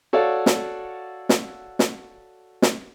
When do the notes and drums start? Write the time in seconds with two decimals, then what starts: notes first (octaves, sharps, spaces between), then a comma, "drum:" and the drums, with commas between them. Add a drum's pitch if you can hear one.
0.13 F#4 A4 C#5 D5 F5 F#5
0.46 drum: snare
1.29 drum: snare
1.79 drum: snare
2.62 drum: snare